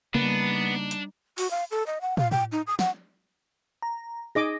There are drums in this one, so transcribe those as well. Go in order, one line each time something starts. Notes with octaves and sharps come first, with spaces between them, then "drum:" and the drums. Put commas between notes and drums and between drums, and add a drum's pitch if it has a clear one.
C#3 G3 A#3 B3 D4 D#4
drum: hi-hat
F#4, drum: open hi-hat
F5
A4
D#5
F#5
F5, drum: tom
G5, drum: tom
D#4
D#6
F#5, drum: snare
A#5
D#4 G#4 D#5 D6 A#6